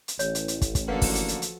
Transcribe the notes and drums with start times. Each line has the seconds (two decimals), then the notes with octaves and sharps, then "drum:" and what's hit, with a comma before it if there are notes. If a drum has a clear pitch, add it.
0.08 drum: hi-hat
0.19 A1 C#5, drum: hi-hat
0.35 drum: hi-hat
0.48 drum: hi-hat
0.62 drum: kick, hi-hat
0.75 drum: kick, hi-hat
0.88 D3 F3 A#3 F#4 A4 B4 F5 F#5
1.02 drum: kick, open hi-hat
1.15 drum: hi-hat
1.28 drum: hi-hat
1.42 drum: hi-hat